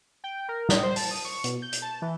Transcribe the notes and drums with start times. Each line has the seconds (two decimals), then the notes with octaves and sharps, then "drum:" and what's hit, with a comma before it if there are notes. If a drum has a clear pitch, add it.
0.24 G5
0.48 A#4
0.69 D#5, drum: snare
0.83 C5
0.96 A5, drum: open hi-hat
1.11 D#6
1.25 C#6
1.44 B2, drum: hi-hat
1.62 G6
1.73 drum: hi-hat
1.82 A5
2.02 E3